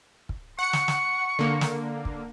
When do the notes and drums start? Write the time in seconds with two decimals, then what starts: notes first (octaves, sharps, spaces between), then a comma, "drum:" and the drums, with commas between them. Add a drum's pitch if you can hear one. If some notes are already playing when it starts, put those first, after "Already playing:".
0.29 drum: kick
0.59 F#5 C#6 C#7
0.73 drum: snare
0.88 drum: snare
1.39 D3 A#3
1.61 drum: snare
2.05 drum: kick